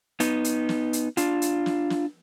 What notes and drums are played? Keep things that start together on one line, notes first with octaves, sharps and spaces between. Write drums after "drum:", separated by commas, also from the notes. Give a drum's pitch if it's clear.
B3 D#4, drum: hi-hat
drum: hi-hat
drum: snare
drum: hi-hat
D4 F4, drum: hi-hat
drum: hi-hat
drum: snare
drum: snare